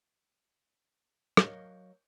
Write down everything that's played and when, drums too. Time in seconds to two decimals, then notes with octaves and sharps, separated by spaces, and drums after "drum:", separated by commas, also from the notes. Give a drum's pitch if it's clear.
1.37 F#3 A#4 C#5 D#5 F5, drum: rim click